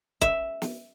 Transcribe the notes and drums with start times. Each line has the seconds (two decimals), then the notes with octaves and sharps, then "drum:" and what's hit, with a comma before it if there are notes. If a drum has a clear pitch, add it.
0.21 E5, drum: kick
0.62 drum: snare